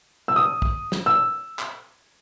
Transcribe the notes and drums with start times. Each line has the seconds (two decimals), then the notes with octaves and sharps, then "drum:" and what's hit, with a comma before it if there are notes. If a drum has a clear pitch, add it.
0.28 E6
0.36 D#6
0.62 drum: kick
0.92 drum: snare
1.06 E6
1.59 drum: clap